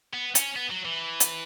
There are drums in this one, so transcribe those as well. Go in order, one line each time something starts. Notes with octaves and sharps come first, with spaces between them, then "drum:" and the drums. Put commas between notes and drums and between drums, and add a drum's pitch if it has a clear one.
B3
C#4, drum: hi-hat
B3
F#3
E3
drum: hi-hat